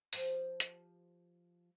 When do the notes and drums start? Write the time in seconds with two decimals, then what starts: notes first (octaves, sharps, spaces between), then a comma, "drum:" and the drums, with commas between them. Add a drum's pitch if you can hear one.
0.13 F3 G4 C5, drum: open hi-hat
0.60 drum: hi-hat